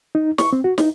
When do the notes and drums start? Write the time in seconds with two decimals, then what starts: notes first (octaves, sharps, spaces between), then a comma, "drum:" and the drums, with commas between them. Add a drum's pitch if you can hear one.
0.15 D#4
0.38 C#6, drum: snare
0.53 C4
0.64 F#4
0.78 D#4, drum: snare